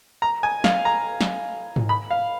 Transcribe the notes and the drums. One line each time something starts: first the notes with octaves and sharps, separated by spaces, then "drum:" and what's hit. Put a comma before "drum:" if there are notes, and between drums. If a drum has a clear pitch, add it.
A#5
G#5
F5, drum: snare
A#5
drum: snare
drum: tom G#2
B5
F5